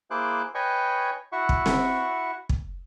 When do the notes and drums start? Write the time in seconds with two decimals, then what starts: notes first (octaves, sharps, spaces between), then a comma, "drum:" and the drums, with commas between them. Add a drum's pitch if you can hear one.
0.11 A#3 E4 G#4 C5 D6 F#6
0.55 B4 C#5 D#5 G5 G#5 C#6
1.32 E4 F#4 E5 F#5 C#6
1.49 drum: kick
1.66 drum: snare C4
2.49 drum: kick